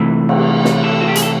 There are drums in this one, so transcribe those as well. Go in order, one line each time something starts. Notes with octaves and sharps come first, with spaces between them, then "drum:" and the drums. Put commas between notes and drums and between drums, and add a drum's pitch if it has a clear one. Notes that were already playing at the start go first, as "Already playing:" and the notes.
Already playing: C3 E3 A3
drum: cymbal
drum: snare
A4
F#4
G4
G#4, drum: hi-hat
A4